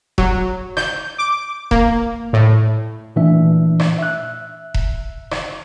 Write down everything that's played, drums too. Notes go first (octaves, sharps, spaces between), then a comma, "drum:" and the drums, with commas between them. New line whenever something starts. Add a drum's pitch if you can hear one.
F#3, drum: kick E1
G6, drum: rim click
D6
A#3, drum: kick E1
A2
A#2 E3 A3 D4 E5
drum: rim click
E5 F#6
drum: kick E1
drum: rim click